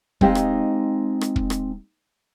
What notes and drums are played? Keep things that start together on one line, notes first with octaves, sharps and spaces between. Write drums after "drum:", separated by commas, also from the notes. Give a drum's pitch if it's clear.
G#3 C4 D#4 G4 D#5 F5, drum: kick
drum: rim click
drum: rim click
drum: kick
drum: rim click